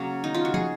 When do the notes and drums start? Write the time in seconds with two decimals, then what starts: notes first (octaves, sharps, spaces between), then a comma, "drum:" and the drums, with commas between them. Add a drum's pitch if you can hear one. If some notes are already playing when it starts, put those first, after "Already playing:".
Already playing: C#3 F#3 A#3 C#4
0.24 D#4
0.34 F4
0.45 F#4
0.54 G#4, drum: tom